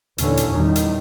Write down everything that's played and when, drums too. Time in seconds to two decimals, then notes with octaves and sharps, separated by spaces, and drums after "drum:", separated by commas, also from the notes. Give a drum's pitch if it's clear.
0.18 D#2 A#2 D3 E3 C#4, drum: hi-hat
0.37 drum: hi-hat
0.50 E2 D#3 G3
0.76 drum: hi-hat